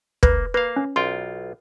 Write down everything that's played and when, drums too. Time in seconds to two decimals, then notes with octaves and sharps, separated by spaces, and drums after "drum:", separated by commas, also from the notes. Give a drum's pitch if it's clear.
0.23 A#3 B4, drum: kick
0.54 A#3 B4 F5
0.76 C#4
0.96 B1 F4 G5 C6